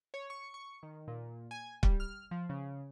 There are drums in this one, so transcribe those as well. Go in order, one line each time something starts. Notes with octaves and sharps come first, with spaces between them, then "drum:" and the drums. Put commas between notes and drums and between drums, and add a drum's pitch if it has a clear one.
C#5
C#6
C#6
D#3
A#2
G#5
G3, drum: kick
F6
F3
C#3